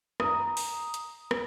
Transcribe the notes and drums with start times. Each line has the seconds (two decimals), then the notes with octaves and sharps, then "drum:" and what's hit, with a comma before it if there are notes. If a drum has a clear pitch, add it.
0.20 A#5 D#6, drum: rim click
0.57 drum: open hi-hat
0.94 drum: hi-hat
1.31 drum: rim click